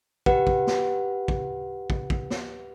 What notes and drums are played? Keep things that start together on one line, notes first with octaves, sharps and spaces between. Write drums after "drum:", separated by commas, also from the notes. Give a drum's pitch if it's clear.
G4 B4 F#5, drum: kick
drum: kick
drum: snare
drum: kick
drum: kick
drum: kick
drum: snare